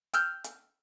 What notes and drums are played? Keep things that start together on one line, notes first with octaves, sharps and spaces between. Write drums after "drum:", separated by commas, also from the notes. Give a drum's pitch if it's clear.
G5 E6 F6 G6, drum: hi-hat
drum: hi-hat